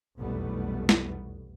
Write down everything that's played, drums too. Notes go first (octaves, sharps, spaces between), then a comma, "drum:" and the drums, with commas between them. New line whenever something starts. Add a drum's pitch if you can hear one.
F1 B1 E2 G3 A3 B3
drum: snare